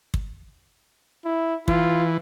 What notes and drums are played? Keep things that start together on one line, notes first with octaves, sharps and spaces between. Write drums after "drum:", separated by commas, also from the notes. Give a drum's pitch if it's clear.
drum: kick
E4
E3 F4, drum: kick